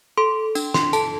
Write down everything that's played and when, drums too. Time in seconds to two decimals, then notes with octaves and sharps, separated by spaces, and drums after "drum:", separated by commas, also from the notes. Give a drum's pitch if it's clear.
0.18 A4 C6
0.55 D4, drum: tambourine
0.74 C6, drum: snare
0.93 A4 A5, drum: tambourine